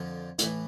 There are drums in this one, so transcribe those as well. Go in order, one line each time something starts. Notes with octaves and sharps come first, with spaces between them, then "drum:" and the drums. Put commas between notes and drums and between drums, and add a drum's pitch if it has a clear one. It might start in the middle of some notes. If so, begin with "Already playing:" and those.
Already playing: F2 D3 F3
A2 E3, drum: hi-hat